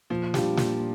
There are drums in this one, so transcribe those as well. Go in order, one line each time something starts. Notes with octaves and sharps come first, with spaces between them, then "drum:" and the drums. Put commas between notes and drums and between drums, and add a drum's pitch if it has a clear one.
A#2 F3
G3 D4 F4, drum: snare
A#2, drum: snare